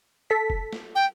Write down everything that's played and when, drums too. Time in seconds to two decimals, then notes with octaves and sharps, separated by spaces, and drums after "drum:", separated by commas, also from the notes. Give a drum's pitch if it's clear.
0.30 A4 B6
0.50 drum: kick F1
0.73 drum: snare
0.95 G5